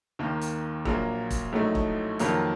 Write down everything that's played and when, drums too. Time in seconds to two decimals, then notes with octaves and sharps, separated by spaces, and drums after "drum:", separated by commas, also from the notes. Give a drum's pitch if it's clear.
0.19 D#2 D#3 A#3
0.41 drum: hi-hat
0.85 A#1 A#2 F#3 A#3, drum: kick E1
1.31 drum: kick E1, hi-hat
1.53 A#1 A2 F#3 A3 D#4
1.75 drum: kick E1
2.19 F2 D#3 F#3 A#3, drum: hi-hat